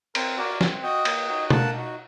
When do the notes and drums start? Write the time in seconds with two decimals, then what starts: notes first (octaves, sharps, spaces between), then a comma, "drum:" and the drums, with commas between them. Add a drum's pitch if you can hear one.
0.15 C4 A#4, drum: cymbal
0.38 F#4 A#4 D5
0.61 C4, drum: snare
0.83 F#4 D#5 G5
1.05 A#3, drum: cymbal
1.28 D#4 F#4
1.50 A#3 F#5 A5, drum: tom B2
1.73 D#4 F#4